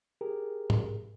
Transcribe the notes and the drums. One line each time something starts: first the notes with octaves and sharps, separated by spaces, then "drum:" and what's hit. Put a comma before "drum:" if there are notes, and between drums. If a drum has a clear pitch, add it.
G4 G#4 A#4
drum: tom G#2